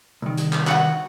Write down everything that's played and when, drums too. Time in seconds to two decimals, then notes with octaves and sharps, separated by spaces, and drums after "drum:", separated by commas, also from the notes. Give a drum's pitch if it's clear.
0.22 C2 D#3
0.37 drum: hi-hat
0.53 drum: clap
0.67 F#4 F#5, drum: clap